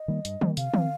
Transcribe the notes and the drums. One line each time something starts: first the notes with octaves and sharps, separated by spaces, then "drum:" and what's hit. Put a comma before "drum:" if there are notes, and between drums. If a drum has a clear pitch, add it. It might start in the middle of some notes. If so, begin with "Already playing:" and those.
Already playing: D#5
D#3 G3 A#3
G2, drum: hi-hat
D#3 G3 A#3, drum: tom
C3 F5, drum: hi-hat
F3 C4, drum: tom